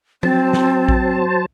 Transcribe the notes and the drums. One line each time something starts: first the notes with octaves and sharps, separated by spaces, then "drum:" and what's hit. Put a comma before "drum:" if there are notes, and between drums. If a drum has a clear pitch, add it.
F#3 C4 C5 A5, drum: tom F3
drum: snare
drum: kick A1